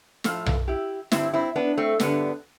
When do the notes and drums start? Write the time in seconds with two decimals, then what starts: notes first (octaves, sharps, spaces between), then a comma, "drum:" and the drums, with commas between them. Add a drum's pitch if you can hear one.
0.24 A2 F3 A3 F4 A4, drum: snare
0.46 drum: tom B1
0.68 E4 G4
1.12 G2 D3 G3 C4 E4, drum: snare
1.33 C4 E4
1.56 B3 D4
1.77 A3 C4
2.00 G2 D3 G3 B3, drum: snare